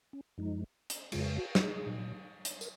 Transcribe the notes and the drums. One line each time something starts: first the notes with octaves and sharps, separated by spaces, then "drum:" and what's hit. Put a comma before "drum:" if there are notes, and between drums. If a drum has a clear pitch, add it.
C#4
F#2 F3 G#3 D#4
drum: hi-hat
F2 C#3 G#3 F4, drum: cymbal
F#4
F#4, drum: snare
G#4
A#2 F#3
drum: hi-hat
A#4, drum: tambourine